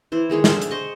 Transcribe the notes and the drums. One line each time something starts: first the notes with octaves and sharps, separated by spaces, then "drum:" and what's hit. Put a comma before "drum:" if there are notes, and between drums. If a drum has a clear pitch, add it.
E3 E4 C5
D#3 G#3 G#4 C#5
D3 C5 E5, drum: snare
drum: hi-hat
C5 D#5 C#6